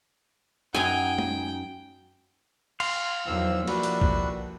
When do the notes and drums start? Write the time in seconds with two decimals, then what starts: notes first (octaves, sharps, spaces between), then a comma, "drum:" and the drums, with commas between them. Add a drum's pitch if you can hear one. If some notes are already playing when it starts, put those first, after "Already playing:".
0.74 F#2 F#3 D#4 G5 G#5
1.18 drum: tom G#3
2.80 F5 C6, drum: cymbal
3.27 E2 B2 D#3 F3 F#3 E6
3.68 F3 G3 A#3 D4 E4 F#4 B4, drum: cymbal
3.83 drum: hi-hat
4.01 drum: kick B1